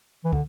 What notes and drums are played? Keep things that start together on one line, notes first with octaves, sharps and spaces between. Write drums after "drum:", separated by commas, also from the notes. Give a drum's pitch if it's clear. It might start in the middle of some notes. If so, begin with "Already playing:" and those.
E3
D3, drum: kick